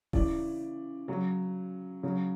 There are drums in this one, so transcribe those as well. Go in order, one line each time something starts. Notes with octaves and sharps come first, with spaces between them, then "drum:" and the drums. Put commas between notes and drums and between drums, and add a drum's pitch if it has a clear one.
C#3 E3 D5, drum: kick D#1
C#3 F#3 C#5
C#3 F#3